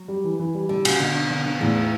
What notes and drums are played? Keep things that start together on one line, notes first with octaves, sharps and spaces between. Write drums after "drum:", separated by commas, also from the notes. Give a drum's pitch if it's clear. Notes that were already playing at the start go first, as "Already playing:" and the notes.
Already playing: F#3
G3
E3
E3
G3
D3 G3
C#3 F#4, drum: cymbal
B2 D3
D4
D3
D3
E2 A2